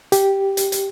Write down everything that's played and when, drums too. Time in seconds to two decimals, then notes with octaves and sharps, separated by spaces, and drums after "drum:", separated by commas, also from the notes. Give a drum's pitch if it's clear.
0.12 G4, drum: hi-hat
0.57 drum: hi-hat
0.72 drum: hi-hat